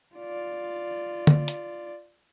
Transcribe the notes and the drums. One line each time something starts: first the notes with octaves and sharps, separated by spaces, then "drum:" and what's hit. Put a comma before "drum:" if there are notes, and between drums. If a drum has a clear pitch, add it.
F4 D5
drum: tom D3
drum: hi-hat